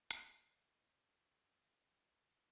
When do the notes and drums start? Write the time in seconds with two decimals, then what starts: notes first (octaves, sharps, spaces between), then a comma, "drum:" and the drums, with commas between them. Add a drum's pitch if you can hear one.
0.11 G6 G#6, drum: hi-hat